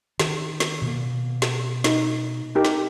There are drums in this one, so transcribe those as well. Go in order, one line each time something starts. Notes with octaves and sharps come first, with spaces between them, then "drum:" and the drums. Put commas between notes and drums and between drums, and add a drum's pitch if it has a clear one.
D#3, drum: snare
drum: snare
B2 A#3
drum: snare
D#4, drum: snare
D#4 G4 A#4
drum: snare